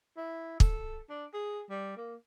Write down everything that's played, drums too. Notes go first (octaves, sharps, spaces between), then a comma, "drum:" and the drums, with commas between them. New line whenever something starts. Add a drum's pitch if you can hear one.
E4
A4, drum: kick
D4
G#4
G3
A#3